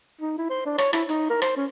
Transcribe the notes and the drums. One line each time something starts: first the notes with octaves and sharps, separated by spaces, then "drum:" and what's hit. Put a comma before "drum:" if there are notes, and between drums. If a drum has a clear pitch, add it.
D#4
E4
C5
D4
C#5, drum: rim click
E4, drum: rim click
D#4, drum: hi-hat
A#4
C5, drum: rim click
C#4